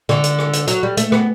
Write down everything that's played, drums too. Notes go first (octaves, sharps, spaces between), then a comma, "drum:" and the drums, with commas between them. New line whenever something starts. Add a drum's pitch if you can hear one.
D3, drum: rim click
drum: hi-hat
drum: rim click
drum: hi-hat
F#3, drum: hi-hat
G3
A3, drum: hi-hat
B3, drum: rim click